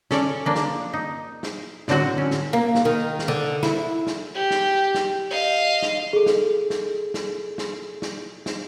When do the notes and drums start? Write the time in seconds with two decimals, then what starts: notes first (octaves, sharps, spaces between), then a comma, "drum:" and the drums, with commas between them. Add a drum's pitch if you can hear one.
0.11 C#4 A4 C#5 D5, drum: snare
0.46 F3 A#3 D4
0.55 drum: snare
0.93 D#4
1.43 drum: snare
1.88 A2 D3 F#3 C4 F#4 F#5, drum: snare
2.18 C#4
2.31 drum: snare
2.53 A#3
2.75 drum: snare
2.85 D#3
3.19 drum: snare
3.28 D3
3.63 E4, drum: snare
4.07 drum: snare
4.34 G4
4.51 drum: snare
4.95 drum: snare
5.30 D#5 F5
5.82 drum: snare
6.13 G#4 A4
6.26 drum: snare
6.70 drum: snare
7.14 drum: snare
7.58 drum: snare
8.02 drum: snare
8.46 drum: snare